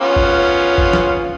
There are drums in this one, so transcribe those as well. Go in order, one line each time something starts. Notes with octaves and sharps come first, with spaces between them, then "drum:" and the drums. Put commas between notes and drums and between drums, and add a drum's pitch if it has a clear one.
B3 C#4 F4
drum: kick
drum: kick
drum: snare